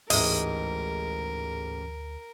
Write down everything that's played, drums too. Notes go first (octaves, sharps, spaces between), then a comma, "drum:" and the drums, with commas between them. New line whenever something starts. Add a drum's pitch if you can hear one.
A1 D2 G#2 A#4 D#5, drum: open hi-hat